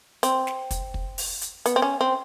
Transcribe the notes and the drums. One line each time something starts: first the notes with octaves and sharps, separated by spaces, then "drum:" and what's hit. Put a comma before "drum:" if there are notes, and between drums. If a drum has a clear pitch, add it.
C4, drum: hi-hat
drum: snare
drum: kick, hi-hat
drum: kick
drum: open hi-hat
drum: hi-hat
B3, drum: hi-hat
C4
C#4
C4